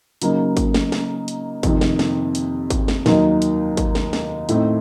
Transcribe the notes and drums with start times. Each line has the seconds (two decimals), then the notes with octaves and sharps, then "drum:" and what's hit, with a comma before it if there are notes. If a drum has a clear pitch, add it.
0.22 C#3 F#3 A#3 D#4, drum: hi-hat
0.57 drum: kick G#1, hi-hat
0.74 drum: snare
0.92 drum: snare
1.28 drum: hi-hat
1.63 F2 C3 D#3, drum: kick G#1, hi-hat
1.81 drum: snare
1.99 drum: snare
2.35 drum: hi-hat
2.70 drum: kick G#1, hi-hat
2.88 drum: snare
3.06 D#2 D#3 F#3 A#3 D#4, drum: snare
3.42 drum: hi-hat
3.77 drum: kick G#1, hi-hat
3.95 drum: snare
4.13 drum: snare
4.49 A2 A3 C4 D#4, drum: hi-hat